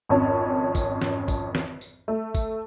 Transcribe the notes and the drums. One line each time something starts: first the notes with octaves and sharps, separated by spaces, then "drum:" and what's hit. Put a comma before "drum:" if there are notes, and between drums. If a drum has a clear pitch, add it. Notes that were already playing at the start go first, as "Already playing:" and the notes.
G#1 F2 C#4 C#5 A5
drum: kick, tambourine
drum: snare
drum: kick, tambourine
drum: snare
drum: tambourine
A3
drum: kick, tambourine